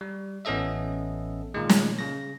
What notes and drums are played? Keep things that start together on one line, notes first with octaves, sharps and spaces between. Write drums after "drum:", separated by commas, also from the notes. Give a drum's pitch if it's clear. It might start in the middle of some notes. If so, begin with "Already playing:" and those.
G3
A1 B3 C#4 A4 D#5 E5
A#2 D#3 G#3
drum: snare
C#3 A#6